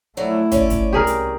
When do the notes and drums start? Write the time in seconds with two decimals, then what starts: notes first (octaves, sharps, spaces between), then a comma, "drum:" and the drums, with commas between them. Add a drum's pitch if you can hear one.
0.17 F2 F#3 A3 E4 D5
0.52 C#4 C#5 D5, drum: kick, hi-hat
0.70 drum: kick, hi-hat
0.93 C2 G4 G#4 A#4
1.07 drum: hi-hat